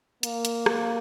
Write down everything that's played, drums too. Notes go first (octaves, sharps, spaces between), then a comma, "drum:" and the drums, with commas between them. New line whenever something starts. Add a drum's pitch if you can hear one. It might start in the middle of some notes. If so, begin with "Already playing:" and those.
A#3, drum: hi-hat
drum: hi-hat
drum: rim click